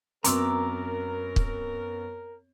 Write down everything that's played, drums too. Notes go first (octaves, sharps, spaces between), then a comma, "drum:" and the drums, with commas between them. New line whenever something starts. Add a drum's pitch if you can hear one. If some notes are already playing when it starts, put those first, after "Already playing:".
F#2 B3 C4 A#4 A#5 D6 E6, drum: hi-hat
drum: kick